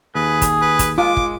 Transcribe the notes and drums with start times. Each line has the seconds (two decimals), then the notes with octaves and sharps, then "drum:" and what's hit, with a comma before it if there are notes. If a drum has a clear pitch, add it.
0.15 D#2 G#4 B4
0.42 drum: kick, hi-hat
0.61 B4
0.79 drum: kick, hi-hat
0.98 G#3 F4 D6
1.17 drum: kick